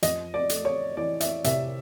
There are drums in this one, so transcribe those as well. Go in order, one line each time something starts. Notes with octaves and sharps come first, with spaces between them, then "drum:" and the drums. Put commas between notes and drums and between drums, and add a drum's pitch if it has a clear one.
F2 D#5, drum: hi-hat
D5
A3, drum: hi-hat
C#5
E3 D5
E5, drum: hi-hat
C3 E5, drum: hi-hat